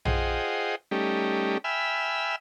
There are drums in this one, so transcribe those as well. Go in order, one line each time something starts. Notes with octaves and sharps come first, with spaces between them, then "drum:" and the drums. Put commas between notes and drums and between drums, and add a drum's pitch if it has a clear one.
F4 G#4 C5 D#5 F#5 G5, drum: tom A#1
G3 A3 C#4 D#4 G4
E5 G5 G#5 B5 E6 F6